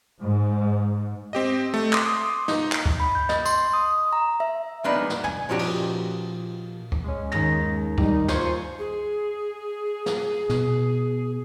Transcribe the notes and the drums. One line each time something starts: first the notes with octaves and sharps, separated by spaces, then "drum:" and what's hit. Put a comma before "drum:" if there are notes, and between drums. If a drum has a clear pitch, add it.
G#2
C4 G4 D#5
A3
C6 D6 D#6, drum: clap
D#4, drum: snare
drum: clap
drum: kick C#2
B5
G6
D#5, drum: snare
C6, drum: tambourine
D#6
A#5
E5
C#2 A#3 B3 D4 D#4 B5
drum: snare
G#5, drum: tom
A#2 F3 C#4 D#4 F#4 G4
drum: cymbal
drum: kick C#2
G#3 C#4
D#2 A#6, drum: tom
D#3 G3 D#4, drum: kick C#2
F4 C5 G#5 C#6, drum: snare
G#4
drum: snare
B2, drum: snare